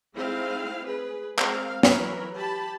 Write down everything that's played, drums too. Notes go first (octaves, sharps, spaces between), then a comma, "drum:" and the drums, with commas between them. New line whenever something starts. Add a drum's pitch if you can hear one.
G#3 A3 C4 D#4 E4 F5
G#4 B4
G#3 C4 A#4 F5, drum: clap
E3 F#3 A#4 C#5 B5, drum: snare
G4 A5 B5